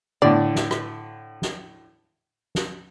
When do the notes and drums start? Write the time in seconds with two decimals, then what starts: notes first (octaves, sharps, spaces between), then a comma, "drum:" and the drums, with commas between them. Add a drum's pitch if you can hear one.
0.22 A2 D3 D5
0.55 drum: snare
0.71 drum: rim click
1.42 drum: snare
2.55 drum: snare